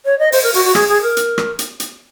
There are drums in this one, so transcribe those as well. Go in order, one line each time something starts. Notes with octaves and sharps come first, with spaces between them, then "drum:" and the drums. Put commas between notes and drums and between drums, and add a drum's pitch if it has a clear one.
C#5
D#5
C5, drum: open hi-hat
A#4
F#4, drum: open hi-hat
F#4
G#4, drum: rim click
G#4
A#4
drum: hi-hat
drum: rim click
drum: hi-hat
drum: hi-hat